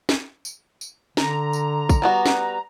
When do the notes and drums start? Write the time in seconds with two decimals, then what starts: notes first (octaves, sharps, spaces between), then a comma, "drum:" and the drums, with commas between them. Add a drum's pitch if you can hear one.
0.09 drum: snare
0.45 drum: tambourine
0.81 drum: tambourine
1.17 D3 A#5, drum: snare
1.53 drum: tambourine
1.89 drum: kick, tambourine
2.02 G3 B3 F#4
2.26 drum: snare